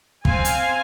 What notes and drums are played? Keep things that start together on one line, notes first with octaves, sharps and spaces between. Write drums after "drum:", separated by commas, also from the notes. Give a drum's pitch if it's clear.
C4 F5 G#5, drum: kick
drum: hi-hat